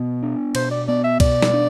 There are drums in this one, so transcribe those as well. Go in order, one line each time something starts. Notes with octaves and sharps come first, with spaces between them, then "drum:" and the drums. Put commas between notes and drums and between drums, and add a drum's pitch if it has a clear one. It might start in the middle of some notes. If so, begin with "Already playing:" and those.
Already playing: B2 B3
D4
B2 C5, drum: cymbal
D5
B3 D5
E5
B2 D5, drum: kick C2, cymbal
drum: snare
D4